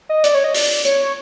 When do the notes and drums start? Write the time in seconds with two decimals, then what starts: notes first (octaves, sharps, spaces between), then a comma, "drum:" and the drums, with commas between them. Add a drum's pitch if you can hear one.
0.09 D#5
0.24 D5, drum: hi-hat
0.34 C#5
0.44 D#5
0.54 D5, drum: open hi-hat
0.85 C#5, drum: hi-hat